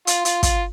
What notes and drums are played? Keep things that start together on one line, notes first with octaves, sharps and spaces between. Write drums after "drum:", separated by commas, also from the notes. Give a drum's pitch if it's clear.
F4, drum: hi-hat
F4, drum: hi-hat
F4, drum: kick, hi-hat